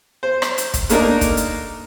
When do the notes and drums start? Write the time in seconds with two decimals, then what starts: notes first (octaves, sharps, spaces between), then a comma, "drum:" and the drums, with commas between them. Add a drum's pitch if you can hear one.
0.23 C5
0.42 drum: rim click
0.58 drum: hi-hat
0.74 drum: kick, hi-hat
0.89 A3 A#3 D4 D#4 A#4, drum: hi-hat
1.21 drum: kick, hi-hat
1.37 drum: hi-hat